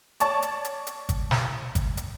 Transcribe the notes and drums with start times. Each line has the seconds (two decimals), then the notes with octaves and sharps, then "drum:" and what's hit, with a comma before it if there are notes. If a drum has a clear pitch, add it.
0.20 C#5 D5 A5 C#6, drum: hi-hat
0.42 drum: hi-hat
0.64 drum: hi-hat
0.87 drum: hi-hat
1.09 drum: kick, hi-hat
1.31 drum: snare
1.75 drum: kick, hi-hat
1.97 drum: hi-hat